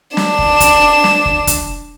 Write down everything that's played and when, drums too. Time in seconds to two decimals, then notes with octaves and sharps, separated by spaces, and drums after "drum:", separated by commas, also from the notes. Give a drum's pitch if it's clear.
0.17 D4 E7, drum: snare
0.39 drum: kick
0.60 drum: kick, hi-hat
1.04 drum: snare
1.26 drum: kick
1.47 drum: kick, hi-hat